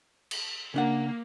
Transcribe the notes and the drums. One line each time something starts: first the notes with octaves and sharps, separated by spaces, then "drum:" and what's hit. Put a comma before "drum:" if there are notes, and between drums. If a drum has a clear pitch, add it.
drum: cymbal
C#3 A#3 D4 F#5